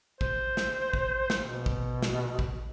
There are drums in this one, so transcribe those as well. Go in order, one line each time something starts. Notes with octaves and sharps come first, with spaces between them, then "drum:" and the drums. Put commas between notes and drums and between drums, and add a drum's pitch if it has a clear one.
C5, drum: kick A1
drum: snare
drum: kick A1
drum: snare
B2
drum: kick A1
drum: snare
drum: kick A1